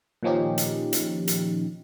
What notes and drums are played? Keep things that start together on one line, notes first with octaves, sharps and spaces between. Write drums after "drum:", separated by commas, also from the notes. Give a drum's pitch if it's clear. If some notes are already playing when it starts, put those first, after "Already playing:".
A#2 D#3 F3 C#4 D#4 G4
drum: hi-hat
drum: hi-hat
drum: hi-hat